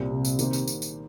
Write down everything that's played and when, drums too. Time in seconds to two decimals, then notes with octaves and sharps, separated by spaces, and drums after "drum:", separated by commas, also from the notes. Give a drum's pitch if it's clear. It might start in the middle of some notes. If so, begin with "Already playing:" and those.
Already playing: C2 A#2 G3 C4 G4
0.11 C3
0.25 drum: tambourine
0.39 D#3 A#3 G4 C5, drum: tambourine
0.53 drum: tambourine
0.68 drum: tambourine
0.82 drum: tambourine